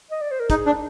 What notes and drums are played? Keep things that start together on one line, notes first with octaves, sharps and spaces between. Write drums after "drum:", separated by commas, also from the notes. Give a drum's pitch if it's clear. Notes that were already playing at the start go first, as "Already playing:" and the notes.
D#5
D5
C5
A#4
D#4 G#4, drum: kick, hi-hat
D4